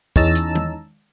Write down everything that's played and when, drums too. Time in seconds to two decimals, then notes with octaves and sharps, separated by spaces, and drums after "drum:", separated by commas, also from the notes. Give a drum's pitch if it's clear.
0.16 E2 C#4 D#4 A5 A#5 E6, drum: kick
0.35 drum: hi-hat
0.55 drum: tom D#3